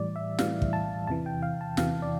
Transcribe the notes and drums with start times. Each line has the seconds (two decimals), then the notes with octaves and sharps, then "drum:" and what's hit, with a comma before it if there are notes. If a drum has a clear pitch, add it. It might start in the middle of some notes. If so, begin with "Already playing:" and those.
Already playing: A2 E3 G3 D5
0.16 E5
0.39 A2 E3 G3 F5, drum: snare
0.62 drum: kick
0.73 A5
1.07 E2 C3 E3 A5
1.26 G5
1.42 F5
1.61 A5
1.77 E2 C3 E3 F5, drum: snare
2.02 D5